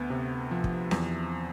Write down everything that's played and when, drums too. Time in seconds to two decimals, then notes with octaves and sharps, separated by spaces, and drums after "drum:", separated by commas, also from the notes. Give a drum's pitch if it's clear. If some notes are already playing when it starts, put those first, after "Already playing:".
Already playing: D2 B3
0.10 C3
0.51 F3
0.64 drum: kick
0.91 E2, drum: snare C4